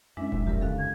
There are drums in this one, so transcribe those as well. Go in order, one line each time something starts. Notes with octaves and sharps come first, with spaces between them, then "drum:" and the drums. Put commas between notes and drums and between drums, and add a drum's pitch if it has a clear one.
F#2 G#3 C#4 D4 E4 E5
D#1 A#1 F#2 F#3, drum: kick E1
E1 A#2 F3 G4 A#4
F#1 D2 G2 C#3 A4 F5 F#6
G#6